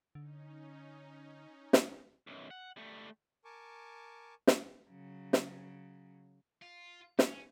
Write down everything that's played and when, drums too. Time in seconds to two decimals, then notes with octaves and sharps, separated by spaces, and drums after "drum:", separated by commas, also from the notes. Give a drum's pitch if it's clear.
0.15 D3 C#4 D#4
1.73 drum: snare
2.27 B1 F#2
2.51 F#5
2.77 G3 A3
3.45 A#4 G#5 A5 C#6 D6
4.47 drum: snare
4.89 C#3 F#3
5.33 drum: snare
6.62 F4
7.19 C#4, drum: snare